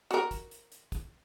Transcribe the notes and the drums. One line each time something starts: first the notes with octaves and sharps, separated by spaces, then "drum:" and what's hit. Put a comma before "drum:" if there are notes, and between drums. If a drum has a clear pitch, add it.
F#4 A#4, drum: hi-hat
drum: kick, hi-hat
drum: hi-hat
drum: hi-hat
drum: kick, hi-hat